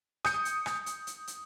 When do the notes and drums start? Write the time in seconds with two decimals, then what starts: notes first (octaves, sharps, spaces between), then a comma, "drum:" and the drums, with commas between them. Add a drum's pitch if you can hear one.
0.25 D#6 G6 C#7, drum: rim click
0.45 drum: hi-hat
0.66 drum: rim click
0.86 drum: hi-hat
1.07 drum: hi-hat
1.27 drum: hi-hat